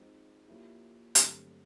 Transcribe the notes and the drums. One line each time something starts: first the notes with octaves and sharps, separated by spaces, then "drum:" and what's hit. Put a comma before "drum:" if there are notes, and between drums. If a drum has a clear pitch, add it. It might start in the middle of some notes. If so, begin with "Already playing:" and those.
Already playing: F3 G#3 C4 D#4 F#4
F3 A#3 C#4 E4 G4
G2 D3 F#3 A3 C4, drum: hi-hat